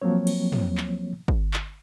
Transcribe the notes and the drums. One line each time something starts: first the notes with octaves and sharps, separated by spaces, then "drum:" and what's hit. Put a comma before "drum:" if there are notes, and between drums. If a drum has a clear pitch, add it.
F3 F#3 A#3 C4 C#5
drum: cymbal
drum: tom
drum: clap
drum: kick
drum: clap